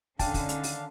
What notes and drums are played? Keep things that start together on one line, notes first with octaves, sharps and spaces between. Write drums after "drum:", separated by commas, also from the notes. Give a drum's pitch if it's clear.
D3 D#3 C#4 D4 F5 G5 A5, drum: kick, open hi-hat
drum: kick, open hi-hat
drum: hi-hat
drum: open hi-hat